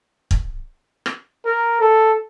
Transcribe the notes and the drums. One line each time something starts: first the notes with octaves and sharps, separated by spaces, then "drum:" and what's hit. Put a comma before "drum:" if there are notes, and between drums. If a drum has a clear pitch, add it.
drum: kick
drum: rim click
A#4
A4